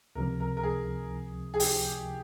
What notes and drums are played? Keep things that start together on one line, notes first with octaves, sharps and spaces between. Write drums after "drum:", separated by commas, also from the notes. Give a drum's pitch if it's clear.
C#2 C3 F3 A#4
A#4
A#4
G#4
G#4
G4, drum: open hi-hat